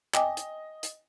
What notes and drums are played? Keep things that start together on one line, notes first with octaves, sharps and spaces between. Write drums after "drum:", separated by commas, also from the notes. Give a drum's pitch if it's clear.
D#5 G5 G#5 D6, drum: clap
drum: hi-hat
drum: hi-hat